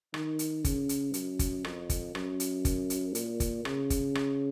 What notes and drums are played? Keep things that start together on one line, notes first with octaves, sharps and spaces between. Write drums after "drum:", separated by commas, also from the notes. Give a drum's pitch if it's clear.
D#3, drum: rim click
drum: hi-hat
C#3, drum: kick, hi-hat
drum: hi-hat
F#2, drum: hi-hat
drum: kick, hi-hat
F2, drum: rim click
drum: kick, hi-hat
F#2, drum: rim click
drum: hi-hat
drum: kick, hi-hat
drum: hi-hat
A#2, drum: hi-hat
drum: kick, hi-hat
C#3, drum: rim click
drum: kick, hi-hat
drum: rim click